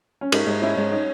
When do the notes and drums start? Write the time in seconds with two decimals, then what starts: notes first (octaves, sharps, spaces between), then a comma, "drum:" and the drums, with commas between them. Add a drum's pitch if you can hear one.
0.21 C#4
0.32 G#2 D#4, drum: cymbal
0.46 G#2
0.62 C#4 E4
0.77 G#2
0.92 D#4